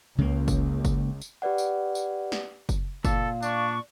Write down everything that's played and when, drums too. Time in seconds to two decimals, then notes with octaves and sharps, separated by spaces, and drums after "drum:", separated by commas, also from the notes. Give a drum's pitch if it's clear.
0.18 C#2 C#3 G#3 A#3
0.48 drum: kick F#1, tambourine
0.85 drum: kick F#1, tambourine
1.21 drum: tambourine
1.42 G4 B4 D5 F#5
1.58 drum: tambourine
1.95 drum: tambourine
2.32 drum: snare
2.69 drum: kick F#1, tambourine
3.05 A#2 A4 F5, drum: kick F#1, tambourine
3.43 D4 D5 C#6, drum: tambourine